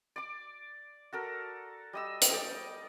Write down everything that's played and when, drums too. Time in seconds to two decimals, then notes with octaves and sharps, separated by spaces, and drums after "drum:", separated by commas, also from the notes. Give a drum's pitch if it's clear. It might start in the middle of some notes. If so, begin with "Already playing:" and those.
0.16 D5 D6
1.13 F#4 A4 A#4
1.93 G3 D#5 E6
2.22 drum: hi-hat
2.31 D5 D#5 G5